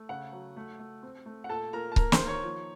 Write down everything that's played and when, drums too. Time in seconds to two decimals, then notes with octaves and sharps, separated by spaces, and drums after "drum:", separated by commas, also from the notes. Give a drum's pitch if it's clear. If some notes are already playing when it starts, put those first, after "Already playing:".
Already playing: A3
0.09 C#3 F#5
0.32 F#3
0.56 A3
0.79 A3
1.03 C4
1.26 A3
1.44 F#5
1.49 A#2 A4 A5
1.73 A#2 A#4 A#5
1.92 A5
1.96 A#3 A#4 A#5, drum: kick C#1
2.12 C5 C6, drum: snare
2.20 D#3
2.27 C#5 C#6
2.44 F3